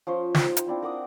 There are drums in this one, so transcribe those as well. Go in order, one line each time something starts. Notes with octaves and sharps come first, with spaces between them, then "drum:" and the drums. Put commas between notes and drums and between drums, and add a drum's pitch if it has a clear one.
F3 C#4 C5 C#6
D#4 C5 G5, drum: snare
drum: hi-hat
C4 D4 E4 F4
A#4 F#5 D6 D#6